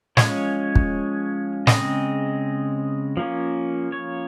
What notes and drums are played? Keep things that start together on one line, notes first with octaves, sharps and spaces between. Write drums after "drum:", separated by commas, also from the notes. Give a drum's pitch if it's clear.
F3 G#3 C#4 C#5, drum: snare
drum: kick
C#3 G#3 C4 D#5, drum: snare
F3 A#3 C#4
C#5